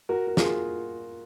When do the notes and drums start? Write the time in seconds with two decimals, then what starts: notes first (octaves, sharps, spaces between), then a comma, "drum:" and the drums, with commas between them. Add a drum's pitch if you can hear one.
0.09 F#4 A#4
0.27 A#4
0.37 F4 G#4, drum: snare